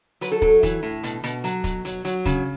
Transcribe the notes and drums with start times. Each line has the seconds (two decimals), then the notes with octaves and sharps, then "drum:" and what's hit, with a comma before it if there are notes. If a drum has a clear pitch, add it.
0.21 F#3 B4, drum: hi-hat
0.32 A4
0.42 F#3 A4, drum: kick
0.63 E3, drum: kick, hi-hat
0.83 A2
1.03 B2, drum: hi-hat
1.24 B2, drum: hi-hat
1.44 F#3, drum: hi-hat
1.64 B2, drum: kick, hi-hat
1.85 F#3, drum: hi-hat
2.05 F#3, drum: hi-hat
2.26 C#3, drum: kick, hi-hat